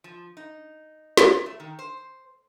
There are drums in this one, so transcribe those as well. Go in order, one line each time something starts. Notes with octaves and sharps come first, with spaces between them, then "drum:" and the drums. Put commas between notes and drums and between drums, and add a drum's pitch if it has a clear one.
F3
D#4
drum: snare
A3
D#3
C5